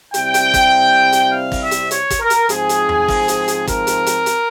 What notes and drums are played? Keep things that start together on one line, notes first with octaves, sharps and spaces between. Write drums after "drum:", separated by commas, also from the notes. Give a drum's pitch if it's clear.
C3 G3 C4 E4 G5, drum: hi-hat
drum: hi-hat
drum: kick, hi-hat
drum: hi-hat
F5
drum: kick, open hi-hat
E5
drum: hi-hat
C#5, drum: hi-hat
drum: kick, hi-hat
A#4
drum: hi-hat
G#2 F3 C4 G#4, drum: hi-hat
drum: hi-hat
drum: tom E2
drum: kick, open hi-hat
drum: hi-hat
drum: hi-hat
A#4, drum: kick, hi-hat
drum: hi-hat
drum: hi-hat
drum: hi-hat